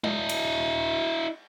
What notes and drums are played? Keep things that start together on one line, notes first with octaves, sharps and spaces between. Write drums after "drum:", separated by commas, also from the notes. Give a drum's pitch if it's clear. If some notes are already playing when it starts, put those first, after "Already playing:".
E4 D#5, drum: tom G#3
drum: cymbal